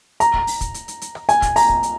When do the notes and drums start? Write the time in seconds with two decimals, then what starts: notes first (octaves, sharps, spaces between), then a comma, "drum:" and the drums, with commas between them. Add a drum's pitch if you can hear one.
0.20 A#5, drum: hi-hat
0.34 drum: kick
0.47 drum: open hi-hat
0.61 drum: kick, hi-hat
0.74 drum: hi-hat
0.88 drum: hi-hat
1.02 drum: hi-hat
1.15 drum: rim click
1.29 G#5, drum: hi-hat
1.42 drum: kick, hi-hat
1.56 A#5, drum: open hi-hat
1.69 drum: kick
1.83 drum: hi-hat